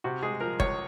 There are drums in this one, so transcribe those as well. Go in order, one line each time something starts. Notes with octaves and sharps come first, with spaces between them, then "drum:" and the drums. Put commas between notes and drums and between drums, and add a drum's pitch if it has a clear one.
C3 F#4
G#3 G#4
F3 A#4
C#2 C#5, drum: kick